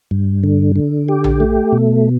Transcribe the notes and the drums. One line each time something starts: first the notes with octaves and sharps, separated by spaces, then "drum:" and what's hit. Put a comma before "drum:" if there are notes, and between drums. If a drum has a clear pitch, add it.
G2
D3
D3
G4
drum: tom A#1
A3
B2